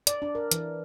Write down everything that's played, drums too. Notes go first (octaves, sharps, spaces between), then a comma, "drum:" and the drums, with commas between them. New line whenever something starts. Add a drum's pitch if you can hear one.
D5, drum: hi-hat
D4
A#4
E3, drum: hi-hat